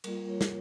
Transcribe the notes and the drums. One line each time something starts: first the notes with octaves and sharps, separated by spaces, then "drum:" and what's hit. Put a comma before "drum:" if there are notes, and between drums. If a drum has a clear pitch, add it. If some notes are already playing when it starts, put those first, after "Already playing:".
G3 A#3 F4 A#4, drum: cymbal
C#5
drum: snare